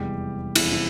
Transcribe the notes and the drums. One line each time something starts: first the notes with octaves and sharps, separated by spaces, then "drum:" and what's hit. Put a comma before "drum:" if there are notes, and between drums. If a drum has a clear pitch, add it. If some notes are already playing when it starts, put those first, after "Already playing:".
Already playing: F1 E2 E3 G3 G#3 G4
F1 E2 E3 G#3 E4, drum: cymbal
E4